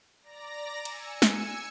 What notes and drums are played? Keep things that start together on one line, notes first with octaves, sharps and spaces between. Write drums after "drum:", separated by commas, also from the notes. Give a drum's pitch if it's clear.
D5 A#5 A#6
G#5 E6 C#7, drum: cymbal
drum: snare